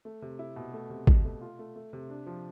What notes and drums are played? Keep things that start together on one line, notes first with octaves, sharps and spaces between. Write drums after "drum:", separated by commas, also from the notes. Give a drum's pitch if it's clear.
A3
C3
E4
B2
A3
C3
B2, drum: kick G#1
A3
F4
A3
A3
C3
D4
F3